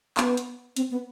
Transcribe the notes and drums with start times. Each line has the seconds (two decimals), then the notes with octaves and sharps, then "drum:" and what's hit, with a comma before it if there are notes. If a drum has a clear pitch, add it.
0.17 B3, drum: clap
0.37 drum: hi-hat
0.76 C4, drum: hi-hat
0.91 B3